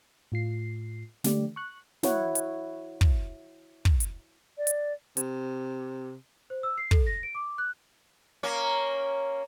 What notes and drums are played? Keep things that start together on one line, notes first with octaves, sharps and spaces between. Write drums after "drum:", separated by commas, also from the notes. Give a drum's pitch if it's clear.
A2 F4 C7
D3 A3 G4 D5, drum: snare
C#6 F#6
E4 F#4 C#5 F#5, drum: snare
drum: hi-hat
drum: kick
drum: kick
drum: hi-hat
D5
drum: hi-hat
C3, drum: hi-hat
C5
E6
C7
A4, drum: kick
A#6
D7
D6
F#6
A#3 C#4